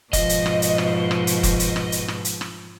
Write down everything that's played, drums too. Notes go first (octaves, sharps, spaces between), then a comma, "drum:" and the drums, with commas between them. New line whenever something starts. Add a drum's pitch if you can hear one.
G#2 B2 F3 D#5, drum: kick F1, hi-hat
drum: hi-hat
drum: rim click
drum: hi-hat
drum: rim click
drum: rim click
drum: hi-hat
drum: kick F1, hi-hat
drum: hi-hat
drum: rim click
drum: hi-hat
drum: rim click
drum: hi-hat
drum: rim click